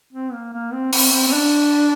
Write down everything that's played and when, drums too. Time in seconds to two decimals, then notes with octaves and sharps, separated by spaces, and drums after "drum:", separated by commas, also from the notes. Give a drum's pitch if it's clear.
0.13 C4
0.33 A#3
0.53 A#3
0.73 C4
0.93 C4, drum: open hi-hat
1.12 C4
1.28 C4
1.32 D4